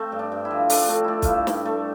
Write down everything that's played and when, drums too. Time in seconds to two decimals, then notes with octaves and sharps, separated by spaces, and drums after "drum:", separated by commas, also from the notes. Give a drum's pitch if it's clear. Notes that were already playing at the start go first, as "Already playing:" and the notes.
Already playing: A3 C4
0.12 G2
0.19 D4
0.32 G2
0.45 E4
0.51 F3
0.70 A3 D4, drum: open hi-hat
0.81 D4
0.89 A3 C4
1.04 A3 D4 E4
1.22 F4, drum: kick, hi-hat
1.28 G2 E4
1.47 G2, drum: snare
1.65 A3